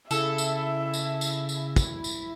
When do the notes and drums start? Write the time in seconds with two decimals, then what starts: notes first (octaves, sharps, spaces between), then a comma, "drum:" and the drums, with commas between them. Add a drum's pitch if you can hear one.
0.11 C#3 E4 A4 E5, drum: tambourine
0.38 drum: tambourine
0.94 drum: tambourine
1.21 drum: tambourine
1.49 drum: tambourine
1.76 drum: kick, tambourine
2.04 drum: tambourine